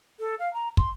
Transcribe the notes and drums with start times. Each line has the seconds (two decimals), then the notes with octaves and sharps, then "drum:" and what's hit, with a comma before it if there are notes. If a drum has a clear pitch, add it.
0.20 A4
0.39 F5
0.54 A#5
0.77 C6, drum: kick